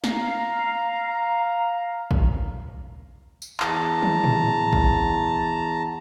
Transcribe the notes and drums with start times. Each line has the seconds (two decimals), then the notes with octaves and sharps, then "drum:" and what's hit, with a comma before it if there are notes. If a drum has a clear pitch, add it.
0.04 F5 A#5, drum: snare
2.11 drum: kick A1
3.42 drum: tambourine
3.60 E2 A5 A#5, drum: clap
4.02 drum: tom
4.24 drum: tom A2
4.73 drum: kick A1